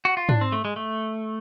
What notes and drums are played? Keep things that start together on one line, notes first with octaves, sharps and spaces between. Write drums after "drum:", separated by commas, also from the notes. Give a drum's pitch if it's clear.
F#4
F4
D4, drum: tom G#2
C4
A3
G#3
A3